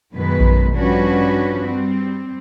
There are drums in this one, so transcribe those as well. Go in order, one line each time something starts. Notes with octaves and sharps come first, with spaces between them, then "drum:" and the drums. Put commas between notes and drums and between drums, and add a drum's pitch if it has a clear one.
F#2 B2 D#3 G#3 B4
drum: kick A#1
G2 F3 C#4 D4 F#4 B4
G3 C4